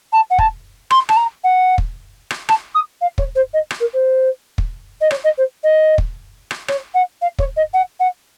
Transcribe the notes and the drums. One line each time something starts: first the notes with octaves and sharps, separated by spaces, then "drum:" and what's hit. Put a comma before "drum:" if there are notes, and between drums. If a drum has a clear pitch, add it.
A5
F#5
A5, drum: kick
C6, drum: rim click
A5, drum: rim click
A#5
F#5
drum: kick
drum: rim click
A5, drum: rim click
D#6
F5
C#5, drum: kick
C5
D#5
drum: rim click
A#4
C5
drum: kick
D#5
C#5, drum: rim click
D#5
C5
D#5
drum: kick
drum: rim click
C#5, drum: rim click
F#5
F5
C#5, drum: kick
D#5
F#5
F#5